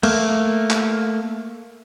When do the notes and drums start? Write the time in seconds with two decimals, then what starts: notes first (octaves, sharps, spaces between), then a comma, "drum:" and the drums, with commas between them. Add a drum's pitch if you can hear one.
0.03 A3 A#3, drum: cymbal
0.70 drum: clap